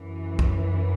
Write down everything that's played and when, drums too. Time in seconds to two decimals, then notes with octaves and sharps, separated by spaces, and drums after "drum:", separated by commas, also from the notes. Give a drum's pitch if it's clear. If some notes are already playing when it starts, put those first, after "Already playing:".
Already playing: F#2 E3
0.39 drum: kick